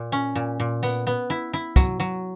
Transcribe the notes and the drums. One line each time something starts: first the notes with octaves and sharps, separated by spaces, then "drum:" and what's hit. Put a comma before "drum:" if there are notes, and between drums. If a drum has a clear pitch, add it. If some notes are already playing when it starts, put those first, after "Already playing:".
Already playing: A#2
C#4
A#2
A#2
B3, drum: tambourine
B3
E4
E4
F#3, drum: kick, tambourine
F#3